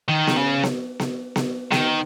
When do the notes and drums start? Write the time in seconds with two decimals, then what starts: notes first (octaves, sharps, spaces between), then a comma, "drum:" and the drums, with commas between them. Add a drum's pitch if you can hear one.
0.09 D#3
0.27 drum: snare B3
0.37 C#3
0.63 drum: snare B3
0.99 drum: snare B3
1.36 drum: snare B3
1.72 D#3, drum: snare B3